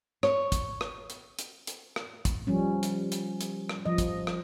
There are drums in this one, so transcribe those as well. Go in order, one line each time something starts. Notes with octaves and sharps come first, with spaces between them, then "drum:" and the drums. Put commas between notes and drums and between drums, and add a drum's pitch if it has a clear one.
C#5, drum: rim click
drum: kick, hi-hat
drum: rim click
drum: hi-hat
drum: hi-hat
drum: hi-hat
drum: rim click
drum: kick, hi-hat
F3 G3 C#4
drum: hi-hat
drum: hi-hat
drum: hi-hat
drum: rim click
F3 D#5
drum: kick, hi-hat
drum: rim click